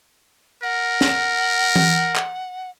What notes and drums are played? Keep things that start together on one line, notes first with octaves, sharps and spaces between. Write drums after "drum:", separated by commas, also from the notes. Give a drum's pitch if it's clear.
A#4 F#5
drum: snare
drum: tom E3
drum: clap